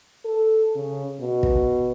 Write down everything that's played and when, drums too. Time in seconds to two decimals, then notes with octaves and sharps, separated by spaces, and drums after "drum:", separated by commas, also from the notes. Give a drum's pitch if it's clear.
0.25 A4
0.75 C#3
1.20 B2
1.43 drum: kick